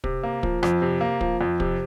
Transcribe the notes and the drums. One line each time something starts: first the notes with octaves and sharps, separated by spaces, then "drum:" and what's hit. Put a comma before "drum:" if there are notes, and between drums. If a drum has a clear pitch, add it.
C3, drum: kick
A#3
F3, drum: kick
F2, drum: rim click
C3
A#3
F3, drum: kick
F2
C3, drum: kick